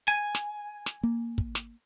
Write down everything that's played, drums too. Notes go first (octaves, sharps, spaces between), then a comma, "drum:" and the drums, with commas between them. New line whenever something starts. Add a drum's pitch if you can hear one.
G#5
drum: snare
drum: snare
A#3
drum: kick
drum: snare